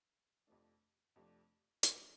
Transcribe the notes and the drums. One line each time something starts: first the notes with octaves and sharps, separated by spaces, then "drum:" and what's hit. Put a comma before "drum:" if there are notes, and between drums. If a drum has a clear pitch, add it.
F2 C3 F3 A3 D4
F2 C3 F3 A3 D4
D3 F#3 A#3 D#4, drum: hi-hat